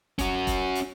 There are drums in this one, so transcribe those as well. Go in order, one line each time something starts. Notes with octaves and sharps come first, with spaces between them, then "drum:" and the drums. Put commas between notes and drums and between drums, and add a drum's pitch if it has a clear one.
C#4 F#4, drum: kick E1, hi-hat
drum: kick E1, hi-hat
drum: hi-hat